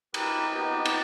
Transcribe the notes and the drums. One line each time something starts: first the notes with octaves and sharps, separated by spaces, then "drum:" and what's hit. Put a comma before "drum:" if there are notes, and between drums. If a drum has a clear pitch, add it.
G4 A#4 B4 B5 D#6, drum: cymbal
B3 D#4 G4
drum: cymbal